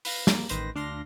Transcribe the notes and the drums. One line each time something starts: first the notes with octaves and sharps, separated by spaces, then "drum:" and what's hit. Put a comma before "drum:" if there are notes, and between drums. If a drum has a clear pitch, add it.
B4 F5 A#6, drum: open hi-hat
A#3, drum: snare
A1 D#3 B4 C5 A#6, drum: hi-hat
D2 D4 F5 C6 A#6